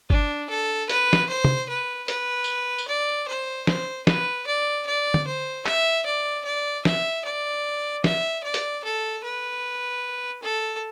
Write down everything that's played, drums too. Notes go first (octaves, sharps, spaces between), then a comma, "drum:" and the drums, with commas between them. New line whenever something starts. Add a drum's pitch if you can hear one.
D4, drum: kick
A4
B4, drum: hi-hat
drum: snare
C5
drum: tom
B4
B4, drum: hi-hat
drum: tambourine
drum: tambourine
D5
C5
C5, drum: snare
B4, drum: snare
D5
D5
drum: tom D3
C5
E5, drum: clap
D5
D5
E5, drum: snare
D5
E5, drum: snare
D5
drum: hi-hat
A4
B4
A4